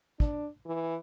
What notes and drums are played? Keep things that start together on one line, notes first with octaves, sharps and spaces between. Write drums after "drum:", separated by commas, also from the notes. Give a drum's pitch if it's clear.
D4, drum: kick
E3